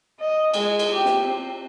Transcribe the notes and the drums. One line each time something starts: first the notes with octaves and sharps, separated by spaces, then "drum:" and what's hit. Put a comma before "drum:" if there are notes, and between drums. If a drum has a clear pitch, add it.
D#5
G#3, drum: cymbal
drum: cymbal
G4
drum: snare
C4